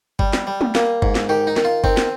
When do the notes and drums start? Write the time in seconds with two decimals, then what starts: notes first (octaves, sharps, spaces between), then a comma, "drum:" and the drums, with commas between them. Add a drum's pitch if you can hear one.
0.19 G3, drum: kick
0.33 drum: snare
0.47 G3
0.61 drum: tom
0.75 A#3, drum: snare
1.02 G#2, drum: kick
1.15 drum: snare
1.29 D#3 G4
1.47 D#4
1.56 D#3, drum: snare
1.65 F4
1.84 D#3 C4, drum: kick
1.97 drum: snare